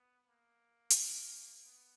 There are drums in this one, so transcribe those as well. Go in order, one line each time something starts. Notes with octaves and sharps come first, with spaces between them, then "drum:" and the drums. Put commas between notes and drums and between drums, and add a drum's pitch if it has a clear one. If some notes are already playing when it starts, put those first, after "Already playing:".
Already playing: B3
A#3
drum: hi-hat
B3